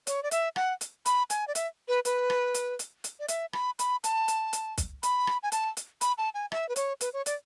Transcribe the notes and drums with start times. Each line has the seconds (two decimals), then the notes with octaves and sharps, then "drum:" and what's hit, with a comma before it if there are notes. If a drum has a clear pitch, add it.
0.07 C#5, drum: hi-hat
0.23 D5
0.31 E5, drum: hi-hat
0.56 F#5, drum: rim click
0.81 drum: hi-hat
1.06 B5, drum: hi-hat
1.30 G#5, drum: hi-hat
1.48 D5
1.55 E5, drum: hi-hat
1.88 B4
2.05 B4, drum: hi-hat
2.30 drum: rim click
2.54 drum: hi-hat
2.79 drum: hi-hat
3.04 drum: hi-hat
3.20 D5
3.28 E5, drum: hi-hat
3.53 B5, drum: rim click
3.79 B5, drum: hi-hat
4.04 A5, drum: hi-hat
4.28 drum: hi-hat
4.53 drum: hi-hat
4.78 drum: kick, hi-hat
5.03 B5, drum: hi-hat
5.27 drum: rim click
5.43 G#5
5.52 A5, drum: hi-hat
5.77 drum: hi-hat
6.01 B5, drum: hi-hat
6.18 A5
6.34 G#5
6.52 E5, drum: rim click
6.69 B4
6.76 C#5, drum: hi-hat
7.01 B4, drum: hi-hat
7.13 C#5
7.26 D5, drum: hi-hat